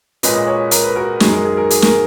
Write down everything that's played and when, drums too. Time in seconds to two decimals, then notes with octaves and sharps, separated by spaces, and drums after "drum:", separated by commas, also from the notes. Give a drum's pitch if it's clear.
0.23 A#2 G#3 C#4 B4 D#5, drum: hi-hat
0.35 D#5
0.47 A#4 C#5
0.71 A#4, drum: hi-hat
0.84 B4
0.96 F#4 A#4
1.20 F#2 D#3 G#3 D#4 G#4, drum: snare
1.33 A#4
1.45 G#4
1.57 A#4
1.70 G#4, drum: hi-hat
1.82 A#4, drum: snare